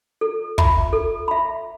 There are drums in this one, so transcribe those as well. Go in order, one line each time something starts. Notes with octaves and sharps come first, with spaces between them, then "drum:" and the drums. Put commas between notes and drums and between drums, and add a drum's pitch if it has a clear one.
A4
E5 B5, drum: kick
A4
E5 B5